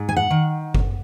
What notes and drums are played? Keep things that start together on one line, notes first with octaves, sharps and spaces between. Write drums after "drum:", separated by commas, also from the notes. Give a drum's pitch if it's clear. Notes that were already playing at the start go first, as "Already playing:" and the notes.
Already playing: G#2
G#5
F#5
D#3
drum: kick G1